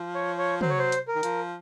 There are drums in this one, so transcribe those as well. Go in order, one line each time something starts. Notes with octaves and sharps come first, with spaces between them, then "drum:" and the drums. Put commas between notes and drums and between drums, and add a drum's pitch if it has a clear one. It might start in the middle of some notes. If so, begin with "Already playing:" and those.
Already playing: F3
C#5
C#5
F#3 C5, drum: tom
C#5
C5
drum: hi-hat
A#4
D#3
F3, drum: hi-hat